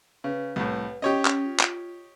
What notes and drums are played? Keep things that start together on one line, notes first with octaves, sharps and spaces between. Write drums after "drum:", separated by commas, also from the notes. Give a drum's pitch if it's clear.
C#3 B4
C2 A2
C#4 G4 C#5 D#5
drum: clap
F4
drum: clap